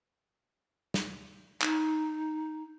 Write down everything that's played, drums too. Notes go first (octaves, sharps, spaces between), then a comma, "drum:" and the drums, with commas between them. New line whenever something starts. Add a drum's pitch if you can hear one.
drum: snare
D#4, drum: clap